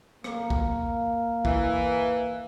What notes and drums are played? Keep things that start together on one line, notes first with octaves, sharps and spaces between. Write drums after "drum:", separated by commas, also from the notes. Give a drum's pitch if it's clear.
A#3, drum: rim click
drum: kick A#1
E3, drum: kick A#1